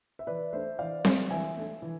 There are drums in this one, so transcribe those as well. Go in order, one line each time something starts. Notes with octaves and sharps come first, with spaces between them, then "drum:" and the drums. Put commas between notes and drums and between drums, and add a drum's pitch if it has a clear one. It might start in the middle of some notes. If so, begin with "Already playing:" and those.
E5
E3 B4 D5
A3 D4 C5 E5
E3 D5 F5
A3 D4, drum: snare C4
E3 E5 G#5
A3 D4
E3